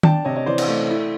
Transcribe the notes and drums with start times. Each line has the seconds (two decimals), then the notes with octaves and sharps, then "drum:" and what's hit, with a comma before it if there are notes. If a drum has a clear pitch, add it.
0.03 D4 G5 A5, drum: tom D#3
0.25 C3 C#5 D#5
0.36 C#5 D#5
0.46 E3 C5 D5
0.58 drum: cymbal
0.68 A3
0.90 E4